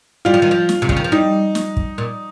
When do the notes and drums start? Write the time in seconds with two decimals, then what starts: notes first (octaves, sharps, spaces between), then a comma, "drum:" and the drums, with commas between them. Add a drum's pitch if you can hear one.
0.25 G3 F4
0.34 F3
0.42 D#3
0.51 F3
0.69 drum: snare
0.82 C3
0.89 C#3, drum: kick
0.97 D#3
1.04 F3
1.12 G3 D#4
1.55 drum: snare
1.77 drum: kick
1.98 A#2